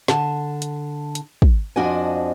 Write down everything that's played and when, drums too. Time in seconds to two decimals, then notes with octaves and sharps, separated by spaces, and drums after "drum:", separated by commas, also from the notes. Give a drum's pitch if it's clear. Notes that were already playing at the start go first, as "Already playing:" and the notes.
0.08 D3 A5, drum: snare
0.62 drum: hi-hat
1.15 drum: hi-hat
1.42 drum: kick
1.76 F2 F3 D4 F#4 D#5 G#5